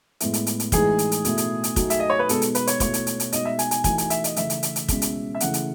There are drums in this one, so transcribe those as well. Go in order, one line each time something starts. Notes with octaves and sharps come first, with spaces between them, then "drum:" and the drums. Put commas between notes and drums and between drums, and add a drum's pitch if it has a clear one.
A2 G#3 B3 E4, drum: hi-hat
drum: hi-hat
drum: hi-hat
drum: hi-hat
A2 E3 G#3 D#4 G#4, drum: kick, hi-hat
drum: hi-hat
drum: hi-hat
B2 A3 E4, drum: hi-hat
drum: hi-hat
drum: hi-hat
F#3 A3 D#4 F#4, drum: kick, hi-hat
E5, drum: hi-hat
D#5
C#5
B4
B2 G#3 B3 D#4 A4, drum: hi-hat
drum: hi-hat
B4, drum: hi-hat
C#5, drum: hi-hat
B2 A3 E4 C#5, drum: kick, hi-hat
drum: hi-hat
drum: hi-hat
drum: hi-hat
B2 G#3 D#4 D#5, drum: hi-hat
E5
G#5, drum: hi-hat
G#5, drum: hi-hat
E3 A3 D#4 F#4 G#5, drum: kick, hi-hat
G#5, drum: hi-hat
E5, drum: hi-hat
D#5, drum: hi-hat
C#3 E3 A3 E5, drum: hi-hat
drum: hi-hat
drum: hi-hat
drum: hi-hat
B2 G#3 C#4 E4, drum: kick, hi-hat
drum: hi-hat
E5
C#3 E3 A3 C#4 E4 F#5, drum: hi-hat
drum: hi-hat